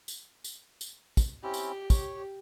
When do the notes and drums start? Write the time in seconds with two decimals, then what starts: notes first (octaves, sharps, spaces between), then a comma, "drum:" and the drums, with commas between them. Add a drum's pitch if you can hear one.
0.08 drum: tambourine
0.44 drum: tambourine
0.81 drum: tambourine
1.17 drum: kick, tambourine
1.43 C4 C#4 E4 G4
1.54 drum: tambourine
1.90 C#5, drum: kick, tambourine